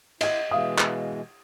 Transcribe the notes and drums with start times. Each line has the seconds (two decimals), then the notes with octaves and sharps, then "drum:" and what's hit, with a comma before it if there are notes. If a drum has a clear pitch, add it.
0.21 E4 D#5 G#6, drum: cymbal
0.51 B2 E3 G#3 E5 F5 D#6
0.78 drum: clap